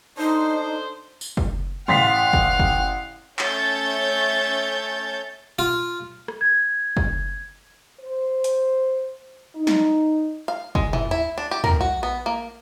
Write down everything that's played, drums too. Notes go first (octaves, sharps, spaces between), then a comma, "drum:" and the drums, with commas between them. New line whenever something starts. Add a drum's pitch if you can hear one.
D4 D#4 A4 C5
drum: tambourine
drum: kick F#1
A1 F5 F#5 C6 A6 B6, drum: tom
drum: kick F#1
drum: kick F#1
A3 C#4 C#5 E5 G6 A6, drum: clap
F4
drum: rim click
G#6
drum: kick F#1
C5
drum: hi-hat
D#4
drum: snare
F5
G#3, drum: kick F#1
E3, drum: tom
E4
D4
G4
A#4, drum: tom
F#4
B3
A#3